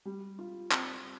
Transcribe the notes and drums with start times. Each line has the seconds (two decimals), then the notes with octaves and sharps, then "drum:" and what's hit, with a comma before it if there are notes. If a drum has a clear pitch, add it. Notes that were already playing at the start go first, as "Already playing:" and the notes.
0.05 G3
0.39 F4
0.71 C4, drum: clap